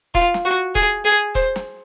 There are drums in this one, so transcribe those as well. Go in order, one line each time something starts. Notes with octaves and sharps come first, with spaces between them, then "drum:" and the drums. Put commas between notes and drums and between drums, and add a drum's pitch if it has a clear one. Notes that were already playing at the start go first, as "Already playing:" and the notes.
F4, drum: kick E1
drum: snare
F#4
G#4, drum: kick E1
G#4
C5, drum: kick E1
drum: snare